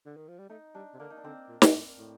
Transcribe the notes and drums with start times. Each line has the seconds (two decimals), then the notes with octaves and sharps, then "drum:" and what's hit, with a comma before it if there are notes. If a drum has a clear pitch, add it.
0.06 D3
0.17 D#3
0.29 F3
0.39 G3
0.49 A3 D#4
0.75 G3 D4
0.94 C3
0.99 D3 A#3
1.10 D#4
1.17 D4
1.24 D3 C4
1.49 A#2
1.62 drum: snare
1.74 A2
1.98 A2